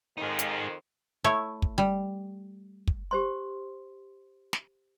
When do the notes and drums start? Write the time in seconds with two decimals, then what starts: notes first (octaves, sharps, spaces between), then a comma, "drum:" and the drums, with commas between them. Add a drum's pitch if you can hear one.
0.18 F2 D#3 D#4 G#4
0.39 drum: hi-hat
1.24 A3 E4 C#5
1.62 drum: kick
1.78 G3
2.87 drum: kick
3.11 G4 C5 C6
4.53 drum: snare